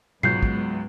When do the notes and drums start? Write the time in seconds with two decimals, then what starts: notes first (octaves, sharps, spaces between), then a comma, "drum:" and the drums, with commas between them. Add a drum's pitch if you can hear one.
0.23 C#2 G#2 F#3 B3 G6 C7, drum: tom B2
0.43 drum: kick